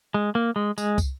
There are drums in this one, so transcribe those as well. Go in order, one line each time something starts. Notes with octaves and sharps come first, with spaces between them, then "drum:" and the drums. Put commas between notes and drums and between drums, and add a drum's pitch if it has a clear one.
G#3
A#3
G#3
G#3, drum: tambourine
drum: kick, tambourine